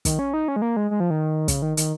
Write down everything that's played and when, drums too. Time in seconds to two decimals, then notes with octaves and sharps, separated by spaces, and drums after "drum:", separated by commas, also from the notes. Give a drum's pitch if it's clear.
0.05 D#3, drum: kick, hi-hat
0.19 C#4
0.34 D#4
0.48 C#4
0.56 G#3
0.62 A#3
0.77 G#3
0.91 G#3
1.00 F3
1.10 D#3
1.48 C#3, drum: kick, hi-hat
1.62 D#3
1.77 D#3, drum: hi-hat